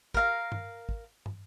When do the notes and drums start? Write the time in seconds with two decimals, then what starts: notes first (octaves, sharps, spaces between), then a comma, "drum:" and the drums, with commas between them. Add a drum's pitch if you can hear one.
0.14 A#4 F5 A#5, drum: kick
0.52 drum: tom G2
0.89 drum: kick
1.26 drum: tom